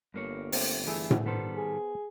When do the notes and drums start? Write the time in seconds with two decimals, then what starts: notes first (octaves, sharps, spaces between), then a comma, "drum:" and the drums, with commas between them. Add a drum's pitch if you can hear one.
0.14 G1 G2 A#3 C#5
0.52 A3 C4, drum: open hi-hat
0.87 E3 A3 G#4 E5
1.11 drum: tom A2
1.26 D#3 G3 B3 A4 C5
1.55 G#4